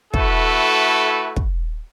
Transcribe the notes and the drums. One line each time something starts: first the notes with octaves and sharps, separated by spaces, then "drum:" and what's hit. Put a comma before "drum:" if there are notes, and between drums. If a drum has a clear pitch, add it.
A3 E4 F#4 A4 B4, drum: kick
drum: kick